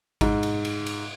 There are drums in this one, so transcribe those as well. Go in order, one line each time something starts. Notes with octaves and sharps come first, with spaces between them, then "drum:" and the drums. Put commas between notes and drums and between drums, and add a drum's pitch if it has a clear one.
G#2, drum: kick G#1, cymbal
drum: cymbal
drum: cymbal
drum: cymbal